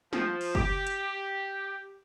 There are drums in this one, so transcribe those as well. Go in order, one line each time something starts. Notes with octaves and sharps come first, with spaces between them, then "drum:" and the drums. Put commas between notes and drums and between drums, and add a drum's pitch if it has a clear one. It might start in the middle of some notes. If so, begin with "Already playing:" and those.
F3, drum: snare
drum: cymbal
G4, drum: kick F#1
drum: hi-hat